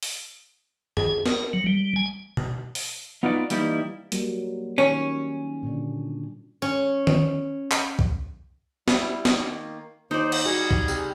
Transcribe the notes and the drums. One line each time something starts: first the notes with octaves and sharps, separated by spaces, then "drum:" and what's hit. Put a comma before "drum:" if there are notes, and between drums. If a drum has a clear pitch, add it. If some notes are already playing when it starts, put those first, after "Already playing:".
drum: open hi-hat
G#4, drum: tom F2
A#4, drum: snare
F#3
G3
G#5
drum: tom B2
drum: open hi-hat
B3 D#4 F4 F#4 B4 D5
E3 G3 A#3 D#4 E4, drum: hi-hat
F#3 G3 A#3, drum: hi-hat
D#3 C#4
A#2 D3 D4
C#4
drum: tom D#3
drum: clap
drum: kick B1
G3 E4, drum: snare
D#3 A#3, drum: snare
D#2 D#4 C5 D5
drum: cymbal
G3 F#4 G#4
drum: kick B1
C3, drum: tambourine